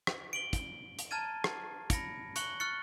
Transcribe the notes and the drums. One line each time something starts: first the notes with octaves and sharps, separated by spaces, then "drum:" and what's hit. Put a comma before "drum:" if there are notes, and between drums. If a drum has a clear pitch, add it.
drum: rim click
D7 F#7 G7
drum: kick, hi-hat
drum: hi-hat
A5 A#5 F6 G#6 A6 D#7
drum: rim click
B5 A#6 C#7 D7, drum: kick, hi-hat
C#6 F#6 C#7 F#7 G7, drum: hi-hat
C#6 F6 F#6 A6 C#7